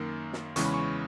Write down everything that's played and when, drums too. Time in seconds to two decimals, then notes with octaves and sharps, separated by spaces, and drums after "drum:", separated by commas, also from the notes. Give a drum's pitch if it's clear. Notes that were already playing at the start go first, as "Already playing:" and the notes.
Already playing: F#2 D#3 A#3
0.33 drum: snare
0.56 E2 C#3 E3 G#3 C#4 C#6, drum: hi-hat
0.65 B5
0.74 C#6